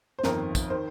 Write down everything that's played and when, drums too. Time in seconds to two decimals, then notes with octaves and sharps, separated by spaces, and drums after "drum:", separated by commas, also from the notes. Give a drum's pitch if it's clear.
0.19 C5
0.24 G1 F2 D#3 A#4, drum: snare
0.55 drum: kick, tambourine
0.70 D#3 C5